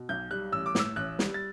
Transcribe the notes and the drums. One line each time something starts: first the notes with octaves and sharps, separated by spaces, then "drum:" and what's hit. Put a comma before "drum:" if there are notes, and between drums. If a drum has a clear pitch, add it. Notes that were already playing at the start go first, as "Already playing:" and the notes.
Already playing: B2
B1 G6
G3 F#6
A1 E6
D6
A2 E6, drum: snare
A1 F#6
G3, drum: snare
A6